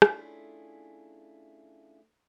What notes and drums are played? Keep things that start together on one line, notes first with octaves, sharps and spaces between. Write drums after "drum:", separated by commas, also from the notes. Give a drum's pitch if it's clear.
A3 C#4 D4 E4 F4 G#4, drum: rim click